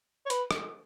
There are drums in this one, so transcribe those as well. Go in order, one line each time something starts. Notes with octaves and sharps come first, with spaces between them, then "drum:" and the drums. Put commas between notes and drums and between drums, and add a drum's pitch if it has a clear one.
C#5
B4, drum: hi-hat
drum: rim click